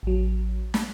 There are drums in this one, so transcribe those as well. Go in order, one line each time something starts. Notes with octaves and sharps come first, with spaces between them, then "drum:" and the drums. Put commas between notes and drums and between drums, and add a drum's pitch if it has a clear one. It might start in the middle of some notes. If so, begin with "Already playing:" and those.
A1 F#3
drum: snare